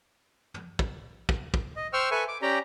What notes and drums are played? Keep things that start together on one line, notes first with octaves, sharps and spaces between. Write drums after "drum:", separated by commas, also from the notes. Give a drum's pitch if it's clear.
drum: tom
drum: kick
drum: kick
drum: kick
D#5
C5 G5 C#6 E6 F6
A4 B4 E5 G#5 C#6
D6
C#4 G4 D5 G5 A#5